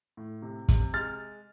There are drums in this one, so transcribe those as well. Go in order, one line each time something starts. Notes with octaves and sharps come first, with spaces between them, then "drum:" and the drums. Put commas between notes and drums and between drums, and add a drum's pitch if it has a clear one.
A2
C3
C3, drum: kick, hi-hat
G#3 F6 A6